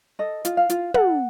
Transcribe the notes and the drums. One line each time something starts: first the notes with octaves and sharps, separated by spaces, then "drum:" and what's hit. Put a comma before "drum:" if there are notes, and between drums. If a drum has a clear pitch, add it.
A4 D#5
F4, drum: hi-hat
F5
F4, drum: hi-hat
A4 F#5, drum: tom